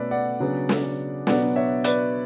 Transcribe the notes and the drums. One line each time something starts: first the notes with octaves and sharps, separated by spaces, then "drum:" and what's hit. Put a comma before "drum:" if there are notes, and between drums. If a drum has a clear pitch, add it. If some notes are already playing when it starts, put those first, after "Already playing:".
Already playing: B2 A3 C#4 A4 B4 D5
D5 F#5
C#3 F#3 B3 D4
drum: snare
B2 F#3 B3 D4 D5 F#5, drum: snare
C#5 E5
B4 D5, drum: hi-hat